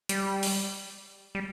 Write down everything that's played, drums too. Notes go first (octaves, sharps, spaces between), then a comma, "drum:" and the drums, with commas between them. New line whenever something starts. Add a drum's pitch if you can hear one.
G3, drum: hi-hat
drum: open hi-hat
G3